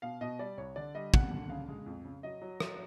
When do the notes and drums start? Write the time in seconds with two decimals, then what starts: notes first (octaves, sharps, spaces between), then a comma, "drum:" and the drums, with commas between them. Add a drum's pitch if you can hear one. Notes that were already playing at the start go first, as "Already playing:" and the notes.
0.02 B2 F5
0.21 B2 D#5
0.39 G3 D5
0.57 C2 C#5
0.76 D3 D5
0.95 G3 D#5
1.14 D#2 F#5, drum: kick
1.31 D3
1.49 C#3 F5
1.69 G#3
1.86 F2
2.05 C#3
2.23 F#3 D#5
2.42 F#3
2.60 F#3, drum: rim click